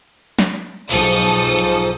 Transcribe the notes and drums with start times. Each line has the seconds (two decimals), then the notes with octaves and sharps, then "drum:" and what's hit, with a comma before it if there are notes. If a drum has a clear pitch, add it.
0.39 drum: snare
0.90 B1 G#2 F3 A4 D#6, drum: cymbal
1.59 drum: hi-hat